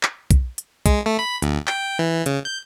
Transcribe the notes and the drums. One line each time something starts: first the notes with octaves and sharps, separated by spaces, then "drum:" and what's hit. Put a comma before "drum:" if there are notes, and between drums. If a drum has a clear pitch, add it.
drum: clap
drum: kick, hi-hat
drum: hi-hat
G#3, drum: kick, hi-hat
A3
B5
D2, drum: hi-hat
G5, drum: clap
E3
C#3, drum: hi-hat
G6